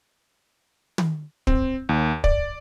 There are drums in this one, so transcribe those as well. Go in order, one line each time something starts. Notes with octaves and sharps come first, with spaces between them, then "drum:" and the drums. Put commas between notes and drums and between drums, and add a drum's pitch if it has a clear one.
drum: tom
C4, drum: kick
D#2
D5, drum: kick